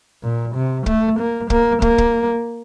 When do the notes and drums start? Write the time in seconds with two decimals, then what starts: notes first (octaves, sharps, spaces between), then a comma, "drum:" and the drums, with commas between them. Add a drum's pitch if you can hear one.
0.23 A#2
0.55 C3
0.86 A3, drum: kick
1.19 A#3
1.50 A#3, drum: kick
1.82 A#3, drum: kick
1.98 drum: kick